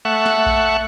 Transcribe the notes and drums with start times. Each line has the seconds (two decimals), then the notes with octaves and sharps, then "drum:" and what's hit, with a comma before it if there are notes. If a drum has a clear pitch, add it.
0.05 A3 E5 F#5 C#6
0.26 drum: snare
0.46 drum: kick A#1